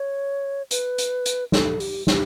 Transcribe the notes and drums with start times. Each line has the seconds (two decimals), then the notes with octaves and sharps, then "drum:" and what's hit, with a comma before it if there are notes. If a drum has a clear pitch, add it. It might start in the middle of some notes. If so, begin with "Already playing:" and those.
Already playing: C#5
0.71 B4, drum: hi-hat
0.98 drum: hi-hat
1.26 drum: hi-hat
1.52 A4, drum: snare
1.80 G4, drum: open hi-hat
2.07 G4, drum: snare